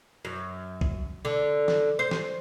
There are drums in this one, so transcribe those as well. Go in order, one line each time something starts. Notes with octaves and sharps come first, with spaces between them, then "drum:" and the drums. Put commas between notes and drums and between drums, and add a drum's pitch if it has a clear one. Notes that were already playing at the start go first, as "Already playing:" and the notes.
F#2
drum: kick A#1
D3
drum: snare
C5
drum: snare